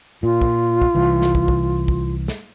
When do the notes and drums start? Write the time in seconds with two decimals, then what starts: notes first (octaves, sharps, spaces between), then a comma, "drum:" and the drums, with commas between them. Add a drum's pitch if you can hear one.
0.23 A#2 F4
0.41 drum: kick
0.82 drum: kick
0.95 C2 E3
1.22 drum: snare
1.35 drum: kick
1.48 drum: kick
1.88 drum: kick
2.28 drum: snare